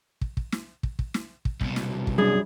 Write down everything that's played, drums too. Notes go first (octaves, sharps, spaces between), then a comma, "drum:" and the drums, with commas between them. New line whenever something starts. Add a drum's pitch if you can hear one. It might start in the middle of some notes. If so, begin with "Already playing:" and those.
drum: kick
drum: kick
drum: snare
drum: kick
drum: kick
drum: snare
drum: kick
C2 B2, drum: kick
drum: snare
drum: kick
F#2 G3 D4 G#4